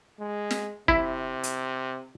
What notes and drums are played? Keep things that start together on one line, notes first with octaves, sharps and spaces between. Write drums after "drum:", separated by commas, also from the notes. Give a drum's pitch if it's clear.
G#3
drum: snare
C3 E4, drum: kick
drum: hi-hat